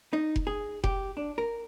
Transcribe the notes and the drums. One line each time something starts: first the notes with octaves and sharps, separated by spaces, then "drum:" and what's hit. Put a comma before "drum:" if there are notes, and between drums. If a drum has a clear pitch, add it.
D#4
drum: kick F1
G#4
G4, drum: kick F1
D4
A#4